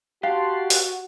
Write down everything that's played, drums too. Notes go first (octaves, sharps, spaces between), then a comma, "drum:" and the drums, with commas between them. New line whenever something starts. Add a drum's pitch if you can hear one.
F#4 G4 F5 F#5 A5 C6
drum: open hi-hat